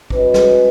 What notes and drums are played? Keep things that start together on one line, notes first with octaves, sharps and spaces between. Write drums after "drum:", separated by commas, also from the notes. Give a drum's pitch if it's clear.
G#3 C#4 F#4 B4 D#5, drum: kick
drum: snare